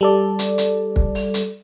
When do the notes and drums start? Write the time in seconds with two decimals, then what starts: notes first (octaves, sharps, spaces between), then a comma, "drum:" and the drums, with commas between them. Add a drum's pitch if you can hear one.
0.01 G3 A4 D5
0.39 drum: hi-hat
0.58 drum: hi-hat
0.96 drum: kick
1.15 drum: open hi-hat
1.34 drum: hi-hat